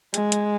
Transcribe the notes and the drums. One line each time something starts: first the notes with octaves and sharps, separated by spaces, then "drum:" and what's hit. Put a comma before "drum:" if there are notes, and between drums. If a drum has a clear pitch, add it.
G#3, drum: hi-hat
drum: hi-hat